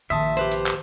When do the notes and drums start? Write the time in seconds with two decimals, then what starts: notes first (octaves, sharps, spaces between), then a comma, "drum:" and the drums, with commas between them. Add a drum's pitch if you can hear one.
0.10 A#1 D#3 E5 A5 C6 D#6
0.37 G4 B4 C5, drum: hi-hat
0.51 drum: hi-hat
0.66 drum: clap